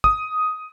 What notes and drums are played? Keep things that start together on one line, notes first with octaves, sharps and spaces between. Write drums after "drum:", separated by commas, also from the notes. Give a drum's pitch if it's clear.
D#6, drum: kick